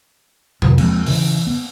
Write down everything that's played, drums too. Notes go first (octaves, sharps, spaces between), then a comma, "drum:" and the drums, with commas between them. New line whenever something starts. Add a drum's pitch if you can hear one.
C3 D#3 F#3, drum: tom E2
F3 G#3 A#3 C4, drum: cymbal
C#3 E3, drum: open hi-hat
B3